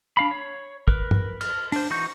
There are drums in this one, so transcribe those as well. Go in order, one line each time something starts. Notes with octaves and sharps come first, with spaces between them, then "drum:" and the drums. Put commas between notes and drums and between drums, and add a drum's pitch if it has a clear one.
D4 F5 B5
C#5
A#4 B4, drum: kick
drum: tom G2
F6, drum: cymbal
D4 C5, drum: open hi-hat
E3 D#4 F#4 C#6 G6